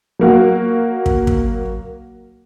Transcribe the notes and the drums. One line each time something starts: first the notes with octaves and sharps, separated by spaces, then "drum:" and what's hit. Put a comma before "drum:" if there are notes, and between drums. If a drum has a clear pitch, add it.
F#3 A#3 F#4
drum: kick
drum: kick